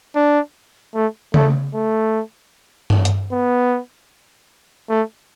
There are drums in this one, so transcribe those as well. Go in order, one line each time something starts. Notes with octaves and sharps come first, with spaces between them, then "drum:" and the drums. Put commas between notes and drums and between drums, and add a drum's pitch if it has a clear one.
D4
A3
A3, drum: tom C#3
A3
drum: tom G2
drum: hi-hat
B3
A3